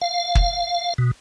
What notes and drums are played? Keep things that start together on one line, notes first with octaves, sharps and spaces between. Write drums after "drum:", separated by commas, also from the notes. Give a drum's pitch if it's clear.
F5
drum: kick
B2